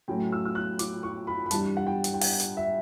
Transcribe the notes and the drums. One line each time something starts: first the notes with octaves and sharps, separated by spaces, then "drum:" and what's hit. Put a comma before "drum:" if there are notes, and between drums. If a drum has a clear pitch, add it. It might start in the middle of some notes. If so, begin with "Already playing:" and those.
A2 F#3 C#4 G5
E6
E6
F#6
D6, drum: hi-hat
C#6
B5
B5
G2 E3 G3 D4 A5, drum: hi-hat
F#5
G5
drum: hi-hat
G5
F#5, drum: open hi-hat
drum: hi-hat
E5